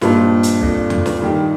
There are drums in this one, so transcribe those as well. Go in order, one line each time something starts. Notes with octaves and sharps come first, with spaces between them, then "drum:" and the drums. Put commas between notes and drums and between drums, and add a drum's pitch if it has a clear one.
G2 A#2 G4 C5 D#5 A5, drum: snare
drum: hi-hat
C4 F4 A4 D5, drum: kick
drum: tom E2
drum: snare
D#3 G3 D#4 G4 A#4 D#5